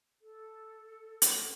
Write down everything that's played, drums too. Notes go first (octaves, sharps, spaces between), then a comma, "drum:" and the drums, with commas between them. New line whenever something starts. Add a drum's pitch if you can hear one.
A4
drum: hi-hat